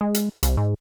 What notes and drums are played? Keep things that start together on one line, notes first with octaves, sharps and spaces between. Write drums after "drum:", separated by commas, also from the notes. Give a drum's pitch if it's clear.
G#3
drum: hi-hat
C2, drum: hi-hat
G#2